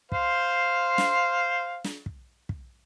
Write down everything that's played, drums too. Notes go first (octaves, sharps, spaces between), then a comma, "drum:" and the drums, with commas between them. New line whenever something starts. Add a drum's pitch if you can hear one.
C5 F5, drum: kick
drum: snare
drum: snare
drum: kick
drum: kick